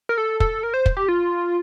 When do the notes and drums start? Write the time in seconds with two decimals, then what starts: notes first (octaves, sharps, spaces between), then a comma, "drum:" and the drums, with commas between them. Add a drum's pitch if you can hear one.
0.09 A#4
0.18 A4
0.40 A4, drum: kick
0.63 A#4
0.74 C5
0.86 drum: kick
0.97 G4
1.08 F4